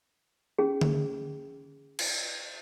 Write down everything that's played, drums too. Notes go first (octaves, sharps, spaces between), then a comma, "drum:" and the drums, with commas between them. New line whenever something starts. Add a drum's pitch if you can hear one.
C#4 G#4
drum: tom D3
drum: cymbal